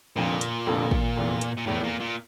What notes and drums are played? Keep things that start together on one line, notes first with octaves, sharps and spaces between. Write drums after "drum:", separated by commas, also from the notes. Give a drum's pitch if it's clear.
F1 F2 A#2 D3 F3
drum: hi-hat
F1 F2 D3 F3
drum: kick
F1 E2 E3
drum: hi-hat
A#2
F1 E2 A2 E3
A#2
A#2